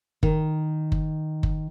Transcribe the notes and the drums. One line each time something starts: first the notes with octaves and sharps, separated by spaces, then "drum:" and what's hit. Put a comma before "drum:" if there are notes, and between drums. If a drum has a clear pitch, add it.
D#3, drum: kick F#1
drum: kick F#1
drum: kick F#1